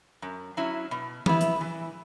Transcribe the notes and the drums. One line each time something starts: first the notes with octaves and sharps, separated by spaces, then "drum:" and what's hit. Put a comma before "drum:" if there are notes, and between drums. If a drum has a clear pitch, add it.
F#2
F#3 C#4 E4
B2
B3 E4, drum: tom E3
drum: hi-hat
E3